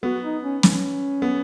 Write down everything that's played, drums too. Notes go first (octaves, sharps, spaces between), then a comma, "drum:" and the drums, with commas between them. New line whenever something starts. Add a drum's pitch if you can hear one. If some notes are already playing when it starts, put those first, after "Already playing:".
B3 F#4
D#4
C#4
C#4, drum: snare
B3